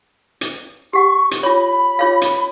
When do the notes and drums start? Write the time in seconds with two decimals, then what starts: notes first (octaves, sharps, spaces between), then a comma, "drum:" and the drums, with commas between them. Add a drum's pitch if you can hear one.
0.41 drum: hi-hat
0.93 G4 F#5 C#6
1.31 drum: hi-hat
1.43 F4 C#5 B5
1.99 F4 C#5 F5
2.22 drum: hi-hat